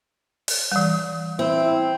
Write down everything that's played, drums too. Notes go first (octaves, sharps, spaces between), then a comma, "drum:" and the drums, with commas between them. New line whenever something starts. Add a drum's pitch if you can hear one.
drum: open hi-hat
E3 G3
C4 E4